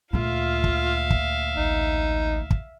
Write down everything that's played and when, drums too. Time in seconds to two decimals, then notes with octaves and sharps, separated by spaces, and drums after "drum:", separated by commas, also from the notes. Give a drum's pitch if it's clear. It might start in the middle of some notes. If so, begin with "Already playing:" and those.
0.13 D2 A#2 F4 E5 F5
0.64 drum: kick
1.11 drum: kick
1.57 A1 D#4
2.51 drum: kick